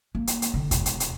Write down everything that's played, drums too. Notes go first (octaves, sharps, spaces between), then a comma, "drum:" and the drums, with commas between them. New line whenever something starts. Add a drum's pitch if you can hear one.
A#3
drum: hi-hat
drum: hi-hat
D3
E1, drum: kick, hi-hat
drum: hi-hat
drum: hi-hat